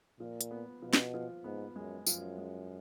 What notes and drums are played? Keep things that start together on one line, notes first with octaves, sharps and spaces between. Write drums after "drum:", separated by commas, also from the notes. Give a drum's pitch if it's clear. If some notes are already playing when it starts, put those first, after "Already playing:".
A#2 F3
drum: hi-hat
B3
B2 F3
drum: snare
F3
G#2 B3
F#2 G#3
F#2 F3, drum: tambourine
G#3